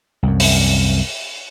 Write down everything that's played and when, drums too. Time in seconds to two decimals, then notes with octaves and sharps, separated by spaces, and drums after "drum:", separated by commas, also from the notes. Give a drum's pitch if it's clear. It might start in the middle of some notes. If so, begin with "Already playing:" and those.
0.23 C2 F#2
0.40 drum: open hi-hat